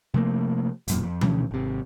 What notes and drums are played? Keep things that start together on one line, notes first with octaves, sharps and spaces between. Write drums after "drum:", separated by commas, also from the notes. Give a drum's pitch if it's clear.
C3 F3 A3 A#3
E1 F#2 A#2, drum: hi-hat
F2
D2 B2 E3 C#4, drum: tom F3
G#1 C3